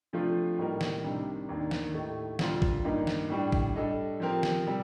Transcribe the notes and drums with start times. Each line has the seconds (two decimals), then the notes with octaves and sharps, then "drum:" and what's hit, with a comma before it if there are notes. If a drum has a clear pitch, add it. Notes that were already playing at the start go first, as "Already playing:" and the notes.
0.13 C3 F3 A3 D4 F4
0.58 A2 G3 A#3 D#4 A#4
0.81 drum: snare
1.03 C2 C3 D#3 G3 D4
1.49 D#2 D#3 A#3 D4
1.71 drum: snare
1.94 A2 A3 D#4 G4
2.39 D2 C3 G3 C4 F4, drum: snare
2.62 drum: kick
2.85 G2 D#3 A#3 D#4
3.07 drum: snare
3.30 A2 G3 D4
3.52 drum: kick
3.76 G3 D4 A4 D#5
4.20 F3 C4 G4 A#4
4.43 drum: snare
4.66 C3 G3